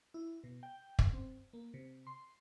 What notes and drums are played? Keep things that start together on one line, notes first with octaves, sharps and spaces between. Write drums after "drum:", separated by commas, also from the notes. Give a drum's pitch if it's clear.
E4
B2
G5
drum: kick
C4
A#3
C3
C6